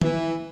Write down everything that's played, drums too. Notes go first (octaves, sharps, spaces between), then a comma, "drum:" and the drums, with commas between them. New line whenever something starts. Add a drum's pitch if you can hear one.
E3, drum: tom